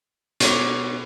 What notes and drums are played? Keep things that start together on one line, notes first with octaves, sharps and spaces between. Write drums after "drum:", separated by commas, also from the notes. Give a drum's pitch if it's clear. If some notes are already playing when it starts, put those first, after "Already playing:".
B2 C#5 D6, drum: hi-hat